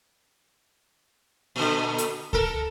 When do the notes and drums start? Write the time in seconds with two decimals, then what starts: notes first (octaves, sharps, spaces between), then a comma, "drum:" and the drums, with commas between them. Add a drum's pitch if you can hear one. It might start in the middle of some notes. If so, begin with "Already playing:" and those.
1.56 A#2 D3
1.98 drum: hi-hat
2.33 A4 A#4, drum: kick C#2